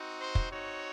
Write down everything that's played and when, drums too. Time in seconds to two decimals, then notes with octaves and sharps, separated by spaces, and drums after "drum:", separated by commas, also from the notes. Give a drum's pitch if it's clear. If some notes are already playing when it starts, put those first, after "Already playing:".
Already playing: C4 D#4 F#4
0.20 C5
0.35 drum: kick
0.51 C4 D#4 F#4 C#5